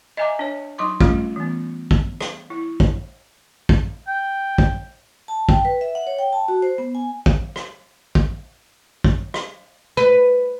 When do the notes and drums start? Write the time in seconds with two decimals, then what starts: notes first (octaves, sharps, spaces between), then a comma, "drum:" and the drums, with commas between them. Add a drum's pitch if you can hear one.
0.17 D#5 E5 G#5 A#5 D6
0.39 D4 C#5
0.78 F#3 D#4 C6 D6
1.01 F#3 G3 A3 C#4 F4, drum: kick
1.36 E3 B3
1.91 drum: kick
2.21 drum: rim click
2.50 E4
2.80 drum: kick
3.69 drum: kick
4.08 G5
4.58 drum: kick
5.28 A5
5.49 G5, drum: kick
5.65 B4
5.81 E5
5.95 F#5
6.07 C#5
6.19 G5
6.33 A5
6.48 F#4
6.62 C5
6.78 B3
6.95 G#5
7.26 drum: kick
7.56 drum: rim click
8.15 drum: kick
9.04 drum: kick
9.34 drum: rim click
9.97 B4